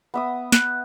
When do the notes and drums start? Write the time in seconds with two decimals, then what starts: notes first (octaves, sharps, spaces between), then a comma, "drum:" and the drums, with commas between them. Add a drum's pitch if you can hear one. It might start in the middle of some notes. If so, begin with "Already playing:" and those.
0.14 B3 E5 D#6
0.52 F#6, drum: snare